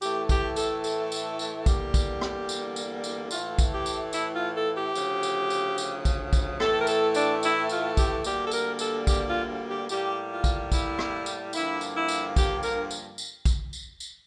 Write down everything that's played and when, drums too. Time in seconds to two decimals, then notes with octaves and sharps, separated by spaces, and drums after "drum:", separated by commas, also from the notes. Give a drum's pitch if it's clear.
0.02 A2 E3 A3 G4, drum: tambourine
0.29 G4, drum: kick, tambourine
0.56 A4, drum: tambourine
0.84 A4, drum: tambourine
1.12 drum: tambourine
1.39 drum: tambourine
1.66 E2 D3 G3 A#3 G4, drum: kick, tambourine
1.94 drum: kick, tambourine
2.21 drum: rim click
2.49 drum: tambourine
2.76 drum: tambourine
3.04 drum: tambourine
3.31 A2 E3 A3 F4, drum: tambourine
3.58 drum: kick, tambourine
3.72 G4
3.86 drum: tambourine
4.13 E4, drum: tambourine
4.33 F4
4.54 A4
4.75 G4
4.95 D2 C#3 F3, drum: tambourine
5.23 drum: tambourine
5.50 drum: tambourine
5.78 drum: tambourine
6.05 drum: kick, tambourine
6.33 drum: kick, tambourine
6.60 A2 E3 A3 A4, drum: rim click
6.80 A#4
6.87 A4, drum: tambourine
7.14 D4, drum: tambourine
7.43 E4, drum: tambourine
7.69 F4, drum: tambourine
7.97 G4, drum: kick, tambourine
8.24 D2 D3 G3 A#3 G4, drum: tambourine
8.44 A4
8.51 A#4, drum: tambourine
8.79 A4, drum: tambourine
9.07 G4, drum: kick, tambourine
9.28 F4
9.69 G4
9.89 A2 G3 A#3 G4, drum: tambourine
10.30 F4
10.44 drum: kick, tambourine
10.72 E4, drum: kick, tambourine
10.99 drum: rim click
11.26 drum: tambourine
11.53 G2 D3 F3 A#3 E4, drum: tambourine
11.81 drum: tambourine
11.95 E4
12.08 drum: tambourine
12.36 G4, drum: kick, tambourine
12.63 A#4, drum: tambourine
12.91 drum: tambourine
13.18 drum: tambourine
13.45 drum: kick, tambourine
13.73 drum: tambourine
14.00 drum: tambourine